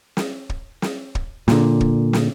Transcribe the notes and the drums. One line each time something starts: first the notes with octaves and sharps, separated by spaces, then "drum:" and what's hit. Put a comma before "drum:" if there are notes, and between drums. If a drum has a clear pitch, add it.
drum: snare
drum: kick
drum: snare
drum: kick
A#2 D3, drum: snare
drum: kick
drum: snare